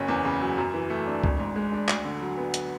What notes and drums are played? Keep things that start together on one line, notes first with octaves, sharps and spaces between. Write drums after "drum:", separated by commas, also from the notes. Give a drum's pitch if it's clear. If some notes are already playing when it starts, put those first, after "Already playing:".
Already playing: F#1 C#4
E2
C#3
F#3
F#2
E3
A3
D4
G#1, drum: kick
G#2
G#3
D4
D2, drum: clap
D3
F#3
B3
drum: hi-hat